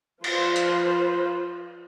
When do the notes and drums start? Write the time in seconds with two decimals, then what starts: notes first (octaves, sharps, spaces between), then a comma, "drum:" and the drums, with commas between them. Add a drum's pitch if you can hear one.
0.24 F3 F4 B4 C5, drum: cymbal
0.56 drum: hi-hat